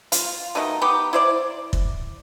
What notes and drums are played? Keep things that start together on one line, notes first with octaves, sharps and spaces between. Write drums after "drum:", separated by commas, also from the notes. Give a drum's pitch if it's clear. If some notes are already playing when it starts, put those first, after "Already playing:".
F4, drum: hi-hat
B2 D#3 A3 D#4
B3 D#4 G4
E4 C5 D5
drum: kick